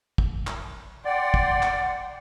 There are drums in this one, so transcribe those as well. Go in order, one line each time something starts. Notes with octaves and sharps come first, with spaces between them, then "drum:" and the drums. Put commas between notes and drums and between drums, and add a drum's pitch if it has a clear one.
drum: kick
drum: clap
D5 F#5 G5 C6
drum: kick
drum: clap